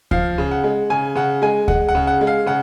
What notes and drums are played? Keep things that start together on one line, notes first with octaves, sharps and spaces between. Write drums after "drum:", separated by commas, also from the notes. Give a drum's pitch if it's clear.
F3 F5, drum: kick D2
C#3
F#5
G#3
C#3 G#5
C#3 F#5
G#3 G#5
G#3 F#5, drum: kick D2
F#5
C#3
F#5
G#3
F5
C#3 F#5